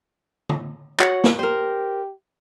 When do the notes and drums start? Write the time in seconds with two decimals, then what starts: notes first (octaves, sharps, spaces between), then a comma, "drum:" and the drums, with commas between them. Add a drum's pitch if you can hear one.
0.49 drum: tom D3
1.00 F#4 C#5 F#5, drum: clap
1.24 drum: snare
1.39 G4 A#4 C5